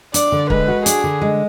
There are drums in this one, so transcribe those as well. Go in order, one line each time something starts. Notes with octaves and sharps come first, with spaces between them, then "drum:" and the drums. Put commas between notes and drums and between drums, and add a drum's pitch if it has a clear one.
D4 D5, drum: hi-hat
D3
G#3 B4, drum: kick
F#4
D4 G#4, drum: hi-hat
D3
G#3